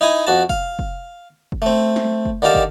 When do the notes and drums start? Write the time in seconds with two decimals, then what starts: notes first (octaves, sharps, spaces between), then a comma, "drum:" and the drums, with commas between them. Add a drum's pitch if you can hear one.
0.01 D#4 E4 G#5 D#6
0.27 F2 F#4 A5
0.49 F5, drum: kick
0.79 drum: kick
1.52 drum: kick
1.62 A3 C4
1.96 drum: snare
2.25 drum: kick
2.42 D3 D#3 G4 F5 A5
2.55 drum: kick